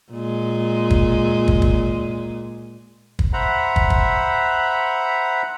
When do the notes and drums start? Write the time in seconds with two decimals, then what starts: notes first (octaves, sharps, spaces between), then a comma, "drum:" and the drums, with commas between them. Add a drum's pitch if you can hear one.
0.12 A#2 G#3
0.90 drum: kick
1.48 drum: kick
1.62 drum: kick
3.19 drum: kick
3.33 C5 E5 F#5 A#5 B5
3.76 drum: kick
3.90 drum: kick